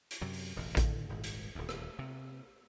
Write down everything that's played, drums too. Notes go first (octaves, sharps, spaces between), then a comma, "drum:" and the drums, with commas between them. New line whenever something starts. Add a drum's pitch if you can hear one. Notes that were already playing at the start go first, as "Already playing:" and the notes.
drum: hi-hat
F#2 C3 F#3
drum: open hi-hat
E1 A1 F2
A2 D3 D#3 A3, drum: kick A1, hi-hat
D#1 G#1 G#2
drum: hi-hat
D#1 D2
drum: rim click
C3